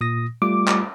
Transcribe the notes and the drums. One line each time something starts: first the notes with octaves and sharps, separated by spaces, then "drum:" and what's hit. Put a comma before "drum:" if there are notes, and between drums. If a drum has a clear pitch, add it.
A#2 D#6 A#6
G3 A3 F4 D6
drum: clap